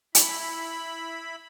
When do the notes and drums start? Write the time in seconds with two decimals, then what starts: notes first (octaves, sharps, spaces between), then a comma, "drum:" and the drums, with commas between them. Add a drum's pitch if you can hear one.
0.15 E4 B5, drum: hi-hat